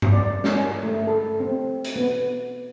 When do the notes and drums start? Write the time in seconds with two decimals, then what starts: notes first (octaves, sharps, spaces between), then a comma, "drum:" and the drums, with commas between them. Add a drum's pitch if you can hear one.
0.02 drum: tom G2
0.12 D5
0.44 C#4, drum: snare
0.83 A3
1.07 A4
1.40 C4
1.85 drum: hi-hat
1.96 B3